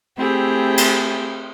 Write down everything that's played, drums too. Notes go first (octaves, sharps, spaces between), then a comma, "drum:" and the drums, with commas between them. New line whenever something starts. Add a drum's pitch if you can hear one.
A3 C4 E4 G4 G#4
drum: cymbal